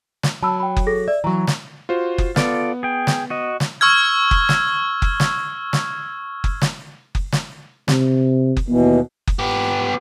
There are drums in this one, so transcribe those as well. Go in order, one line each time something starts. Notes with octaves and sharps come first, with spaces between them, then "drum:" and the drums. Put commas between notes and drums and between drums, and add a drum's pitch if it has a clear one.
drum: snare
F#3 A5 B5 E6
G5 B5
drum: kick F#1
G#4 A4 A#6
D5 E5
E3 F#3 A#5 C#6
drum: snare
F4 F#4 C5
drum: kick F#1
B3 F4 A4 D5, drum: snare
G#4 G5
drum: snare
F#4 D#5
drum: snare
C#6 E6 F6 G#6
drum: kick F#1
drum: snare
drum: kick F#1
drum: snare
drum: snare
drum: kick F#1
drum: snare
drum: kick F#1
drum: snare
C3, drum: snare
drum: kick F#1
D#2 B2 E3 B3
drum: kick F#1
B3 G4